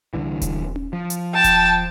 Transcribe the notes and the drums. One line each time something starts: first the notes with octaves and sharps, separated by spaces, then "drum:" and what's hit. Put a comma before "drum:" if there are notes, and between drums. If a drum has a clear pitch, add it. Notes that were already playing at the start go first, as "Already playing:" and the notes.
C2 D3 E3
drum: kick D#1, hi-hat
drum: tom C#4
F3
drum: hi-hat
G5 A5
drum: kick D#1, hi-hat